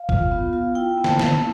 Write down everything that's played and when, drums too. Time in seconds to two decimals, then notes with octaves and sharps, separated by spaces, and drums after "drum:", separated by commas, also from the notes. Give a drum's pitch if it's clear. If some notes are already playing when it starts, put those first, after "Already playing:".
Already playing: F5
0.09 F4, drum: kick
0.31 B3
0.53 F4
0.75 E4 G5
0.98 B3
1.04 A5, drum: snare
1.19 E4, drum: snare